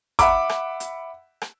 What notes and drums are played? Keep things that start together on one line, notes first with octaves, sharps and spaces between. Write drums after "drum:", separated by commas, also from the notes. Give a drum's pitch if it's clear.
E5 F#5 B5 D6, drum: kick, hi-hat
drum: rim click
drum: hi-hat
drum: rim click